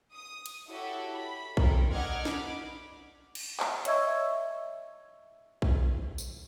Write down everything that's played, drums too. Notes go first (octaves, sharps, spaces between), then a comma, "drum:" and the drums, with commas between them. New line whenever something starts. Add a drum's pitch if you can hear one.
D#6
drum: cymbal
E4 F#4 G4 A4 C#5 E5
B5
C4 A4 A#4, drum: kick A#1
D4 D#5 F#5 D6 F6 G#6
B5 D6, drum: snare
drum: cymbal
drum: clap
C#5 D#5 E5 C#6 E6 G#6, drum: hi-hat
drum: kick A#1
drum: tambourine